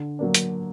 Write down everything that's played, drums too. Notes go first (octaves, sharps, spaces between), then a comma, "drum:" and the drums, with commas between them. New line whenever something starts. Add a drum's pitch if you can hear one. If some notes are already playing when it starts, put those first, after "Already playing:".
Already playing: D3
F#3 A#3 D4
drum: hi-hat